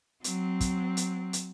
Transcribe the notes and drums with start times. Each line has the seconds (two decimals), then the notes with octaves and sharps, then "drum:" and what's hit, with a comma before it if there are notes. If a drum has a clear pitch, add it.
0.24 F#3 C4, drum: hi-hat
0.61 drum: kick, hi-hat
0.97 drum: hi-hat
1.33 drum: hi-hat